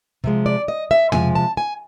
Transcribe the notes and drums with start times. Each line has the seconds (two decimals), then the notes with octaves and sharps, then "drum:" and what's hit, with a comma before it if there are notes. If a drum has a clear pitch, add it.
0.24 C3 F3 G#3, drum: kick
0.46 D5
0.68 D#5
0.91 E5
1.12 C3 F3 G#3 G#5, drum: tom
1.35 A5
1.57 G#5